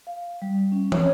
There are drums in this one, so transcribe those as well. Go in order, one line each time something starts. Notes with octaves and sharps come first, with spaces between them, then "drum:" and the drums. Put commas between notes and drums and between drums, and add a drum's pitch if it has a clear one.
F5
G3
C#4
C#5, drum: tom